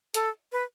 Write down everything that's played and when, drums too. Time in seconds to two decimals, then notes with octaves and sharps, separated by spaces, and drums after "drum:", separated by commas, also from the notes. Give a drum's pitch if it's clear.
0.14 A4, drum: hi-hat
0.52 B4